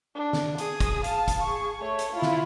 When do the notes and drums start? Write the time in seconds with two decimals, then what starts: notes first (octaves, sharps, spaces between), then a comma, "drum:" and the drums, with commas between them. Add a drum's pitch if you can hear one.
0.15 D4
0.33 drum: snare
0.58 G#4 D#6, drum: hi-hat
0.80 drum: kick, hi-hat
1.04 F5 A5, drum: hi-hat
1.28 drum: kick, hi-hat
1.43 G#4 C#6
1.81 A3 C#5
1.99 drum: hi-hat
2.13 E4 F4
2.22 drum: snare